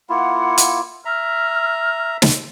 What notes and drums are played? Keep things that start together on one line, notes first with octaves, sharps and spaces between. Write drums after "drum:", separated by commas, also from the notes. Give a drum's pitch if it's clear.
A#3 E4 F4 F#5
drum: hi-hat
E5 A#5 F6
drum: snare